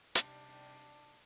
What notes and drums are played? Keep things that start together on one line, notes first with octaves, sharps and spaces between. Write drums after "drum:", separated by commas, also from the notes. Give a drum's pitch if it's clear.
C3 G3 D4 D#4, drum: hi-hat